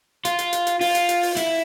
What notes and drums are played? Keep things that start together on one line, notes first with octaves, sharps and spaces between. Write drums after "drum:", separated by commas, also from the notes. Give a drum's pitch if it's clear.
F4, drum: hi-hat
drum: hi-hat
drum: hi-hat
drum: hi-hat
F4, drum: open hi-hat
drum: hi-hat
drum: hi-hat
drum: open hi-hat
E4, drum: hi-hat